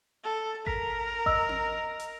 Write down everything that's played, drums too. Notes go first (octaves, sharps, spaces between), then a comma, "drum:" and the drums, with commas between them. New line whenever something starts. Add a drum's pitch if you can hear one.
A4
A#4 B6, drum: kick G#1
D#5 E6, drum: kick G#1
drum: tom C4
drum: hi-hat